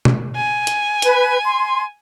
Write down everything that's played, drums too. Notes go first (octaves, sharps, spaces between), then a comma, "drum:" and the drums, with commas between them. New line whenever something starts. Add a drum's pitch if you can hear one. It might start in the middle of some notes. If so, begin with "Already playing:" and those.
drum: tom
G#5
drum: hi-hat
B4, drum: hi-hat
C6